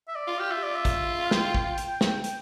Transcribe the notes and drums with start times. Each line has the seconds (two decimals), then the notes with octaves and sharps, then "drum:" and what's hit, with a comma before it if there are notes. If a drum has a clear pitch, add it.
0.08 E5
0.15 D5
0.27 F4
0.39 G4 F5
0.51 F4 E5
0.63 D5
0.75 E5
0.85 drum: kick, hi-hat
1.26 F5
1.31 G5, drum: snare
1.54 drum: kick
1.78 drum: hi-hat
2.01 drum: snare
2.24 drum: hi-hat